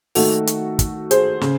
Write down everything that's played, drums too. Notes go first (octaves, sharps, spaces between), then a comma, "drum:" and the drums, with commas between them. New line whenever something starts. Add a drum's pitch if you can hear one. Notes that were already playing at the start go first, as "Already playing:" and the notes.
D#3 A3 F#4 A4, drum: open hi-hat
drum: hi-hat
drum: kick, hi-hat
G#4 C5, drum: hi-hat
C#3, drum: snare